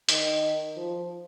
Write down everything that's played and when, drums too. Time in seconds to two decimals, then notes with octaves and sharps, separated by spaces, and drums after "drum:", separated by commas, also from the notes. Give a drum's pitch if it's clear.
0.09 D#3, drum: hi-hat
0.77 F3